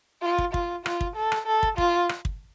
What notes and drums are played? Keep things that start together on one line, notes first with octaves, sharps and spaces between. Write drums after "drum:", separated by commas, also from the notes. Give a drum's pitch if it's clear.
F4
drum: kick
F4, drum: kick
F4, drum: rim click
drum: kick
A4
drum: rim click
A4
drum: kick
F4, drum: kick
drum: rim click
drum: kick